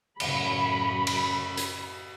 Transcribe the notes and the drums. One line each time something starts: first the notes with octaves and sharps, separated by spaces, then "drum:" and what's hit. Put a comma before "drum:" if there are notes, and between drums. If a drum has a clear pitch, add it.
F#2 A2 C#3 B5, drum: cymbal
drum: cymbal
drum: hi-hat